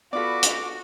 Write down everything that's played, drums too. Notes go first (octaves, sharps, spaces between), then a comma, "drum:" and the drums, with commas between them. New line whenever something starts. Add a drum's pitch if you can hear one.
B3 F4 F#4 A4 D5 B5 D6
drum: hi-hat